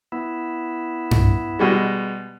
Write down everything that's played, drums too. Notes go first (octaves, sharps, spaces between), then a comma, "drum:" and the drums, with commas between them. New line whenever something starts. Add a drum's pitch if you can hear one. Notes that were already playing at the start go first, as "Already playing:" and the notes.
B3 E4
drum: tom G2
B2 G3 G#3